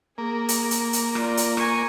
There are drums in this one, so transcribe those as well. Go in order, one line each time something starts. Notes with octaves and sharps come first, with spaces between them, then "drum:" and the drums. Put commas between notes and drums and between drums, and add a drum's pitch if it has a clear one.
A#3 G#4
drum: hi-hat
drum: hi-hat
drum: hi-hat
F4 D5, drum: rim click
drum: hi-hat
G#5 C#6, drum: rim click